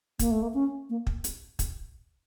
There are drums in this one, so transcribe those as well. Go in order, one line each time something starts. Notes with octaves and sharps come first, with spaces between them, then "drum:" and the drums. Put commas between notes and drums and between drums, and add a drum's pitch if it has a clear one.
A#3, drum: kick, hi-hat
A3
A#3
C#4
A#3
drum: kick
drum: hi-hat
drum: kick, hi-hat